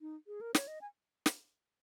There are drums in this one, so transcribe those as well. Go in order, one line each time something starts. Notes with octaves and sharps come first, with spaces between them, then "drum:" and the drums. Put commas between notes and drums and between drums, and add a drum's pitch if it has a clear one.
D#4
G#4
A#4
C#5, drum: snare
D#5
G#5
drum: snare